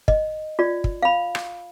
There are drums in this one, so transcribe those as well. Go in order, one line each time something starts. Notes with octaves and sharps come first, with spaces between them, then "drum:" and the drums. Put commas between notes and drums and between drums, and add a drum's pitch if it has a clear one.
D#5, drum: kick
F4 D5
drum: kick
F5 B5
drum: rim click